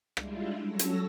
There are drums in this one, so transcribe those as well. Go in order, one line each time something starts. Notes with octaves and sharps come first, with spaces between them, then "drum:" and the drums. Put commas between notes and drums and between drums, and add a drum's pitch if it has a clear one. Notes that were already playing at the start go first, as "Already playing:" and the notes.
G3 G#3 D4 E4 F4, drum: rim click
F#3 C#4 A4 C#5 E6 A#6
drum: hi-hat